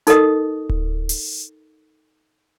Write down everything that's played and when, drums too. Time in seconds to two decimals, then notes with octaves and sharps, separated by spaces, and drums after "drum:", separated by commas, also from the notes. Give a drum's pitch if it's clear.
0.07 D#4 A4 A#4 D#5 D#6, drum: hi-hat
0.69 drum: kick D1
1.09 drum: open hi-hat